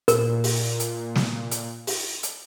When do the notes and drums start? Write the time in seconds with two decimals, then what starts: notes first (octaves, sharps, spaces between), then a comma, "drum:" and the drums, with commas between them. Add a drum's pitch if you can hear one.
0.08 A#2 A#4, drum: hi-hat
0.44 drum: open hi-hat
0.80 drum: hi-hat
1.15 drum: snare
1.51 drum: hi-hat
1.87 drum: open hi-hat
2.23 drum: hi-hat